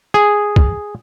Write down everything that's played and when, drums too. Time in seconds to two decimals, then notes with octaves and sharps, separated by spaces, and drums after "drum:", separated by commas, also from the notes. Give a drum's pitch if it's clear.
0.14 G#4
0.56 drum: kick